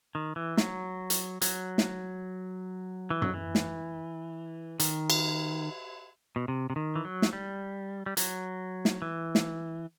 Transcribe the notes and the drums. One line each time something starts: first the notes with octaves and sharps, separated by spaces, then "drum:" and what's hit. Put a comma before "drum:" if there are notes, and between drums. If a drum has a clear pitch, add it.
D#3
E3
F#3, drum: snare
drum: hi-hat
F#3, drum: hi-hat
drum: snare
E3
F#3, drum: tom F#2
E3
drum: snare
D#3, drum: hi-hat
drum: cymbal
B2
C3
C3
D#3
E3
F#3
drum: snare
G3
G3
F#3, drum: hi-hat
drum: snare
E3
drum: snare